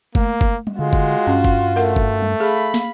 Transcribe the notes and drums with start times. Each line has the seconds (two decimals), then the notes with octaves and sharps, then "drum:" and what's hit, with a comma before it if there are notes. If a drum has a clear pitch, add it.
0.15 A3 A#3, drum: kick F#1
0.41 drum: kick F#1
0.67 drum: tom G3
0.79 D3 G#3 F4 F#4
0.93 drum: kick F#1
1.27 G2 C#4
1.44 drum: kick F#1
1.76 A3 A#4 F#5
1.96 drum: kick F#1
2.22 drum: tom G3
2.40 G#4 F5 B5
2.74 drum: snare